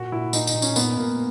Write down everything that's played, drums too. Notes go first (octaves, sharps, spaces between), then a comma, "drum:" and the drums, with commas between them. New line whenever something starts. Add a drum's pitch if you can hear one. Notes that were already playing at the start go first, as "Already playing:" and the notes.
Already playing: A#2 F#4
A#2 E4
A#2 D#4, drum: tambourine
D#4, drum: tambourine
A#2
C#4, drum: tambourine
A#2 B3, drum: tambourine
A#2 A#3